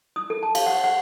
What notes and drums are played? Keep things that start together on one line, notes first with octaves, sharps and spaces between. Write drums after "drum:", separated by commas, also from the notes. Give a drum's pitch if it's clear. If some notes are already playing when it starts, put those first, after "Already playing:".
D#6
A4
A5
F5, drum: cymbal
F#5
F#5